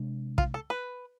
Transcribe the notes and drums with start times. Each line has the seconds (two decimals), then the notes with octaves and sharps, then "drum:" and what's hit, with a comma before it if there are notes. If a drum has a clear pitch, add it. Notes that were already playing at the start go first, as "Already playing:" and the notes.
Already playing: C3 G#3 D4
0.38 F4, drum: kick
0.54 A4
0.70 B4